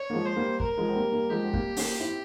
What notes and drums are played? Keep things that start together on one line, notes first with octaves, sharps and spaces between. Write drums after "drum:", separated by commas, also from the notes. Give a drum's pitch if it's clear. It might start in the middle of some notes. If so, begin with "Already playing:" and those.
Already playing: C#5
A#3
F3 G#3
C5
G3 A#3
A#4, drum: kick
F3 G#3
C4
G3 A#3
G3 A#3
F3 G#3 G4
C4
G3 A#3, drum: kick
A#3 C#4, drum: open hi-hat
C4 E4